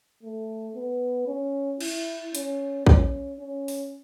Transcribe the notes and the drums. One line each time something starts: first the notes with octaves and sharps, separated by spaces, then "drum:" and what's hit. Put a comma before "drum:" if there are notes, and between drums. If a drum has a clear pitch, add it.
A3
B3
C#4
E4, drum: cymbal
C#4, drum: hi-hat
C#4, drum: kick A#1
C#4
drum: open hi-hat